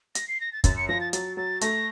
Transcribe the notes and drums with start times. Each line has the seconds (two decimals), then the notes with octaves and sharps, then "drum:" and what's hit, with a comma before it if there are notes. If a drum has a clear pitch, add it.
0.15 A#6, drum: hi-hat
0.28 C7
0.41 A#6
0.53 A6
0.64 F#2 A6, drum: kick, hi-hat
0.77 C#7
0.89 F3 A#6
1.01 A6
1.13 F#3 A6, drum: hi-hat
1.37 F#3 A6
1.61 A3 A#6, drum: hi-hat